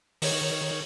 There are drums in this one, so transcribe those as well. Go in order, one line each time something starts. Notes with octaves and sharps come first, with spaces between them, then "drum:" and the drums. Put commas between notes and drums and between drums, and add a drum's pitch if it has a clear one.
D#3 C#5, drum: open hi-hat